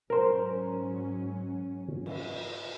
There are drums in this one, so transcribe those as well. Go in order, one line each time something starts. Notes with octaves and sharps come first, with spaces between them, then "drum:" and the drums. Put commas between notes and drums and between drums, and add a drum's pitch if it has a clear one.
G#2 F#3 C#4 A#4 C5
drum: cymbal